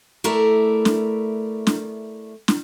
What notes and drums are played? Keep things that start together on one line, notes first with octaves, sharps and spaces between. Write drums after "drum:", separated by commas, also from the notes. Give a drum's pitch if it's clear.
A3 E4 A#4 D5
drum: snare
drum: snare
drum: snare